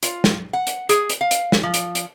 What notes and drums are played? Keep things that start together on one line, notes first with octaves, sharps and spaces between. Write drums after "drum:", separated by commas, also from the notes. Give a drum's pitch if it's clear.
F4, drum: hi-hat
drum: snare
F#5
drum: hi-hat
G#4, drum: hi-hat
drum: hi-hat
F5
drum: hi-hat
drum: snare
F3
drum: hi-hat
drum: hi-hat